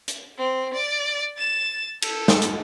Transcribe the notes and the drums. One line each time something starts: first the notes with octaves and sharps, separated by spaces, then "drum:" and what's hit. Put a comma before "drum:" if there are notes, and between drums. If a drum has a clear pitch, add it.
drum: hi-hat
C4
D5
A6 E7
A4, drum: cymbal
drum: snare
drum: hi-hat